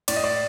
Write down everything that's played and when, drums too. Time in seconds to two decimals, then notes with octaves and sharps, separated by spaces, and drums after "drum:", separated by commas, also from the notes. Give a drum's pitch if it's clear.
0.08 A2 D5, drum: cymbal
0.16 D#5
0.24 D5